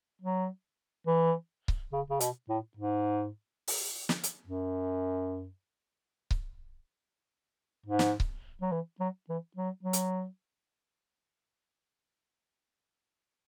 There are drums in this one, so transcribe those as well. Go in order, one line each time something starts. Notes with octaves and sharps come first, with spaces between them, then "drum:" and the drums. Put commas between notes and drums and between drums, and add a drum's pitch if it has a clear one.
F#3
E3
drum: kick C#1
C#3
C#3
B2, drum: hi-hat
A2
G#2
drum: open hi-hat
drum: snare
drum: hi-hat
F#2
drum: kick C#1
G#2
drum: snare
drum: kick C#1
F#3
E3
F#3
E3
F#3
F#3
drum: hi-hat